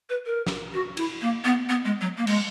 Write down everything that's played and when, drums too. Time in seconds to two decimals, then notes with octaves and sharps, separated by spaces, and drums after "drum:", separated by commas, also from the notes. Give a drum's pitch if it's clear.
0.10 B4
0.26 A#4
0.47 drum: snare
0.74 F#4
0.97 E4, drum: cymbal
1.22 A#3
1.45 B3
1.69 B3
1.85 G#3
2.01 F#3
2.18 A#3
2.27 G#3, drum: cymbal